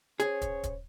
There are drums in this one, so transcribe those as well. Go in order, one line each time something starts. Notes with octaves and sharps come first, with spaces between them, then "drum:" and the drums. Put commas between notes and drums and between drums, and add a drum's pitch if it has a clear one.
C#4 G#4 C5 C#5, drum: hi-hat
drum: kick, hi-hat
drum: kick, hi-hat